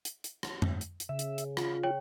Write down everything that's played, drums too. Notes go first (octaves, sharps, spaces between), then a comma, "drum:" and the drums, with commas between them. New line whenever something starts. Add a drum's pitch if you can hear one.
drum: hi-hat
drum: hi-hat
drum: rim click
drum: tom F2
drum: hi-hat
drum: hi-hat
C#3 E5
drum: hi-hat
drum: hi-hat
F4, drum: rim click
C#5 G5